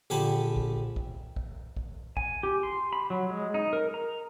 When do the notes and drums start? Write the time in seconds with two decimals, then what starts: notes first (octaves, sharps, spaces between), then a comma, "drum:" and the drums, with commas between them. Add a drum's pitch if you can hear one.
0.10 A#1 D3 G4 G#5 A5 B5
0.56 drum: kick
0.96 drum: kick
1.36 drum: kick
1.77 drum: kick
2.17 G#5, drum: kick
2.43 G4
2.63 C6
2.93 B5
3.10 F#3
3.30 G#3
3.54 D#4
3.73 A#4
3.94 A#5